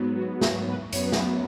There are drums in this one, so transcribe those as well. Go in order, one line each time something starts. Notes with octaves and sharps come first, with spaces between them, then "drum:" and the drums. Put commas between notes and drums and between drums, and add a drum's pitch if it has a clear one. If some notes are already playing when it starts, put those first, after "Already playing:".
Already playing: G#2 F#3 B3
F#4
G#4, drum: snare
B4
F#2 F#3 B3 C#5, drum: hi-hat
B4
G#4, drum: snare
F#4